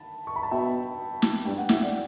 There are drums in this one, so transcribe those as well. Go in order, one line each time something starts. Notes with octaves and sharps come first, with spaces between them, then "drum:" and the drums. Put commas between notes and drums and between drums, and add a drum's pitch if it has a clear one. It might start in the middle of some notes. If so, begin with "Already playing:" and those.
Already playing: A5 B5
C#6
B5
A5
B2 E5 G5
drum: snare
G2 G5
F#5
A2 E5, drum: snare
D5 F#5